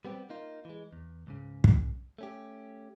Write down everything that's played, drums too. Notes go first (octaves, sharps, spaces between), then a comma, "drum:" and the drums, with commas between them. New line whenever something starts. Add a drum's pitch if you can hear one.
G3 B3 C4 G4
A#3 D#4 F4
E3 G#3
E2
C#2 G#2 C#3
drum: kick
A3 C#4 G4